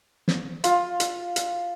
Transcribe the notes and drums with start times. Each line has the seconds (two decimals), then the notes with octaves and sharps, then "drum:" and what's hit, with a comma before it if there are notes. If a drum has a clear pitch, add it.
0.28 drum: snare
0.64 F4, drum: hi-hat
1.00 drum: hi-hat
1.36 drum: hi-hat